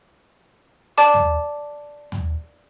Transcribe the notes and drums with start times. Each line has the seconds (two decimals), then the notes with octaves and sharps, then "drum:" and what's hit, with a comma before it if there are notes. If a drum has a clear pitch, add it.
0.98 D5 A5 D6
1.14 drum: tom
2.12 drum: tom